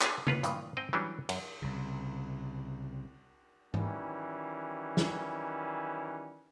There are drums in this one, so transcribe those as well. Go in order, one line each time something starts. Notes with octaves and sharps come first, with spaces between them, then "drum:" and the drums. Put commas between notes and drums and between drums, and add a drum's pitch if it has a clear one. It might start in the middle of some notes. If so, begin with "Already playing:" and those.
G#4 C#5, drum: clap
C#4 F4 B4, drum: tom C#3
G2 A#2 D#3 E3, drum: hi-hat
G#2 C4 D#5 G5
E3 F#3 G3 C#4 D4
F#2, drum: cymbal
C2 C#3
D#3 E3 F#3 G3 C#4, drum: tom G#2
drum: snare